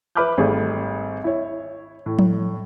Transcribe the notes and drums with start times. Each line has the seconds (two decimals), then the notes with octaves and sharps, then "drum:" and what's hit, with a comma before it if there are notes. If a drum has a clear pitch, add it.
0.15 B4 E5 B5 D6 F6 G6
0.38 G#1 G3 A3 G#4
1.24 E4 C#5
2.06 A2
2.19 drum: tom F3